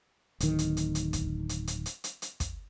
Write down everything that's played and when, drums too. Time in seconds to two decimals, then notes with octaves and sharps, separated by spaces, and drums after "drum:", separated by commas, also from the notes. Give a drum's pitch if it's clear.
0.40 D1 D#3, drum: hi-hat
0.59 drum: hi-hat
0.77 drum: hi-hat
0.95 drum: hi-hat
1.13 drum: kick, hi-hat
1.49 drum: hi-hat
1.67 drum: hi-hat
1.86 drum: hi-hat
2.04 drum: hi-hat
2.22 drum: hi-hat
2.40 drum: kick, hi-hat